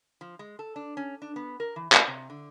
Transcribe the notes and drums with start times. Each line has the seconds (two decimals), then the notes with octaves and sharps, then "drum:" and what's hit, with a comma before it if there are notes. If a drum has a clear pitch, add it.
0.21 F3
0.39 G#3
0.59 A4
0.76 D4
0.97 C#4
1.22 D4
1.36 B3
1.60 A#4
1.76 E3
1.92 F5, drum: clap
2.07 C3
2.30 D3